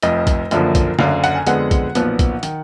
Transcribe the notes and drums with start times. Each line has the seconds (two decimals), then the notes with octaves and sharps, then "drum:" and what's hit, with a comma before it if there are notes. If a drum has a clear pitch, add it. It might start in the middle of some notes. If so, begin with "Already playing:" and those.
0.03 F1 F2 F3 D#5, drum: hi-hat
0.27 drum: kick, hi-hat
0.51 F#1 F#2 D3 F3 A#3, drum: hi-hat
0.75 drum: kick, hi-hat
0.99 F#1 F#2 D3 F5, drum: snare
1.11 F5
1.24 F#5, drum: hi-hat
1.35 G#5
1.47 F2 D3 G#3 B3 F#5, drum: hi-hat
1.71 drum: kick, hi-hat
1.95 B1 A#2 F3 B3, drum: hi-hat
2.19 drum: kick, hi-hat
2.43 D#3, drum: hi-hat